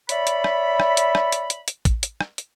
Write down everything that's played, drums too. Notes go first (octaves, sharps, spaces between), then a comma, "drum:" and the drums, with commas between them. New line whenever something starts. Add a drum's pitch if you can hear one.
C#5 D5 E5 B5, drum: hi-hat
drum: hi-hat
drum: rim click
drum: rim click
drum: hi-hat
drum: rim click
drum: hi-hat
drum: hi-hat
drum: hi-hat
drum: kick, hi-hat
drum: hi-hat
drum: rim click
drum: hi-hat